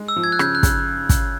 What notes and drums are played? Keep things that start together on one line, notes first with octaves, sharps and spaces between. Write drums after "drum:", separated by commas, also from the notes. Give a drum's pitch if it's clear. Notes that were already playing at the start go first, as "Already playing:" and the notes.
Already playing: G#3
E6
F3
G#6
F#6
C#3 G6, drum: rim click
F#6
C#3, drum: kick, hi-hat
drum: kick, hi-hat